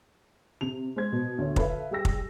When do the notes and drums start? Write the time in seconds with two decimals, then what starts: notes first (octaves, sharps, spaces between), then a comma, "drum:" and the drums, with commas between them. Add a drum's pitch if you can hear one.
0.61 C3 F7
0.96 G#3 C5 G#6
1.12 B2
1.38 D2 D3 C#5
1.56 A4 B4 E5 F5, drum: kick
1.91 G3 G#4 G5 E6 A#6
2.05 drum: kick